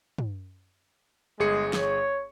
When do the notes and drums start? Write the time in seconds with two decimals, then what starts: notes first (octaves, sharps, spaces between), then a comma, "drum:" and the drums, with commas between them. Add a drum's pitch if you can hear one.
0.18 drum: tom
1.40 G1 G#3 G#4 C#7
1.73 C#5, drum: snare